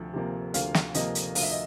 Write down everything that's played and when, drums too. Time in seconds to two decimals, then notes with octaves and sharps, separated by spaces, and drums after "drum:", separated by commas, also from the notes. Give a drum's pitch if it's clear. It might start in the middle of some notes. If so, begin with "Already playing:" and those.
Already playing: D2 C3 F3
0.13 C3 F3 A#3
0.54 D2 F5, drum: hi-hat
0.74 drum: snare
0.94 C3 F3 A#3 D#5, drum: hi-hat
1.15 drum: hi-hat
1.35 D2 F5, drum: open hi-hat
1.43 E5
1.51 D#5